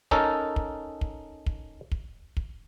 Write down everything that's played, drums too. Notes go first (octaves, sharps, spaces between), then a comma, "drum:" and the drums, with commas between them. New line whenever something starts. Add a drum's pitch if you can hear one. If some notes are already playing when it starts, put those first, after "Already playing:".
C#4 D#4 A4 A#4, drum: kick
drum: kick
drum: kick
drum: kick
drum: kick
drum: kick